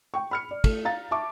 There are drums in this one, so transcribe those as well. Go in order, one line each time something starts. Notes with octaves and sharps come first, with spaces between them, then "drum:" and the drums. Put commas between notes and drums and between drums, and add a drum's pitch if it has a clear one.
G5 C#6
B5 F6 C#7
D5
A3, drum: kick, cymbal
F5 A#5 A6
E5 A5 C#6 D6